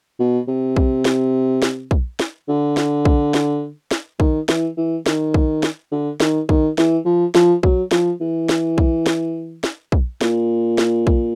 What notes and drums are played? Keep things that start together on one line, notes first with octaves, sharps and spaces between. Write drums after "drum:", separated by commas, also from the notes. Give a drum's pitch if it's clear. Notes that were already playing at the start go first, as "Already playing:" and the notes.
B2
C3
drum: kick
drum: snare
drum: snare
drum: kick
drum: snare
D3
drum: snare
drum: kick
drum: snare
drum: snare
D#3, drum: kick
E3, drum: snare
E3
D#3, drum: snare
drum: kick
drum: snare
D3
D#3, drum: snare
D#3, drum: kick
E3, drum: snare
F3
F3, drum: snare
F#3, drum: kick
F3, drum: snare
E3
drum: snare
drum: kick
drum: snare
drum: snare
drum: kick
A#2, drum: snare
drum: snare
drum: kick